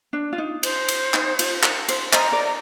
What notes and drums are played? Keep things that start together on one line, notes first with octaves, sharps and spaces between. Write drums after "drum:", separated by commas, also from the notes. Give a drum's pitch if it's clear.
D4
F4
D#4
C5, drum: cymbal
drum: cymbal
D#4, drum: clap
F4, drum: cymbal
A#4, drum: clap
C5, drum: cymbal
C5 D#5 A#5, drum: clap
A#4 D5
A#5